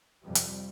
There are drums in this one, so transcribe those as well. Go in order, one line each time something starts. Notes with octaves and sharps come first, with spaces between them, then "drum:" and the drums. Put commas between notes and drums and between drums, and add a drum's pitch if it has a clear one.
F2 C3 G3
drum: hi-hat